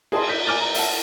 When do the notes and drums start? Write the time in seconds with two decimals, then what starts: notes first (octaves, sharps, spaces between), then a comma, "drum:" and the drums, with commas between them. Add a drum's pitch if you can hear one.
0.12 G#4 A5 C6, drum: cymbal
0.28 G6 B6
0.47 G#5 D6 F6 A6
0.61 A#5
0.74 E5 F#5 A5, drum: open hi-hat